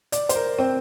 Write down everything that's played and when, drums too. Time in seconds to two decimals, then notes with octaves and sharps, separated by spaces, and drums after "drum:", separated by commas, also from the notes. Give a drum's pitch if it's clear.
0.12 D5, drum: hi-hat
0.29 C5, drum: hi-hat
0.35 A#4
0.59 C4